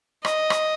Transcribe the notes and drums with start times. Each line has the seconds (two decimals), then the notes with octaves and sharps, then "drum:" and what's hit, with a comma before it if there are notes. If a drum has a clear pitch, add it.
0.25 D#5, drum: rim click
0.50 drum: rim click